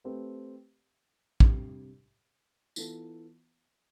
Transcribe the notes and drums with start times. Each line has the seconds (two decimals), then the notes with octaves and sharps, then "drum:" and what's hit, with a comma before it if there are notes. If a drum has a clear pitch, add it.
0.04 A3 C4 G4 B4
1.40 C3 G3 D4 G4, drum: kick
2.76 E3 B3 F4 A4, drum: tambourine